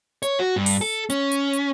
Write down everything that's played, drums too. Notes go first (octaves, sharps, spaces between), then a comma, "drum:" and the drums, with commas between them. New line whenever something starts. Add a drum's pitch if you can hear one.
C#5, drum: hi-hat
F#4
G2
drum: open hi-hat
A4
C#4, drum: hi-hat
drum: hi-hat
drum: hi-hat